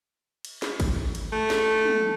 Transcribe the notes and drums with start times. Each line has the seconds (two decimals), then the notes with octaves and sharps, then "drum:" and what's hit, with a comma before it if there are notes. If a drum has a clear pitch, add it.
0.45 drum: cymbal
0.62 drum: snare
0.80 drum: kick G#1, cymbal
1.15 drum: cymbal
1.32 A3
1.50 drum: snare
1.85 drum: tom